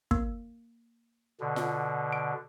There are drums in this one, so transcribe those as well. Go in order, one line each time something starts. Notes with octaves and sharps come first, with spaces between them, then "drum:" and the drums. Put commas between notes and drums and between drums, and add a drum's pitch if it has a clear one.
A#3, drum: kick
B2 D3
drum: snare F4
D7